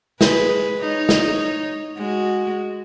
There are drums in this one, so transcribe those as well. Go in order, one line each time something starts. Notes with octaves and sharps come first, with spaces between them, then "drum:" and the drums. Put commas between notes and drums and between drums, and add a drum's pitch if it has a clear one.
G#3 G#4 B4, drum: snare
D#4 C#5
drum: snare
G#3 F#4